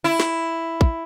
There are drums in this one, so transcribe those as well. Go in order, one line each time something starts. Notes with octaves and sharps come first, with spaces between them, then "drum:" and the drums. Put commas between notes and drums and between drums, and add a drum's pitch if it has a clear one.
E4
drum: snare
drum: kick